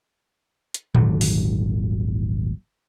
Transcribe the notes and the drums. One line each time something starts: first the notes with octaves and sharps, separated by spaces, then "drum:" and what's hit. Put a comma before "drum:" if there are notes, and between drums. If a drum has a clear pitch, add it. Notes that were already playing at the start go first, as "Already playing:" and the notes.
drum: hi-hat
D#1 G#1 D3 F#3, drum: tom A2
drum: open hi-hat